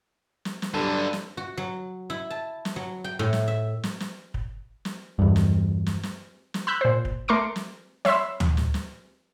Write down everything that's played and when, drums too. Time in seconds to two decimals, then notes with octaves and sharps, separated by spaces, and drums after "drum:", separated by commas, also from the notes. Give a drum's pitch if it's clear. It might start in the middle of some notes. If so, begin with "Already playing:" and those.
0.45 drum: snare
0.62 drum: snare
0.74 G2 D3 F#3 D4 G4 A4
1.13 drum: snare
1.37 F#4
1.57 F#3
2.10 E4
2.30 A5
2.65 drum: snare
2.76 F#3
3.04 G5
3.19 A2
3.33 drum: snare
3.48 E5
3.83 drum: snare
4.00 drum: snare
4.34 drum: kick
4.85 drum: snare
5.19 E2 G2
5.36 drum: snare
5.86 drum: snare
6.03 drum: snare
6.54 drum: snare
6.67 B5 E6 F#6 G6
6.81 A#2 C5
7.05 drum: kick
7.28 A3 A#4 C6 D6 C#7
7.56 drum: snare
8.05 C#5 E5 B5 C6 E6, drum: snare
8.40 drum: tom
8.57 drum: snare
8.74 drum: snare